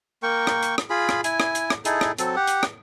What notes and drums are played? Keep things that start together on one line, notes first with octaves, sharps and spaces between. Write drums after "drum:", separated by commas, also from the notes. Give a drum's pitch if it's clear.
A#3 A#4 G5 C#6
drum: rim click
drum: hi-hat
drum: rim click
F4 G#4 B5
drum: rim click
E4 G#5, drum: hi-hat
drum: rim click
drum: hi-hat
drum: rim click
D#4 E4 G#4 A4, drum: hi-hat
drum: rim click
F#3 C4 A4, drum: hi-hat
G4 F#5
drum: hi-hat
drum: rim click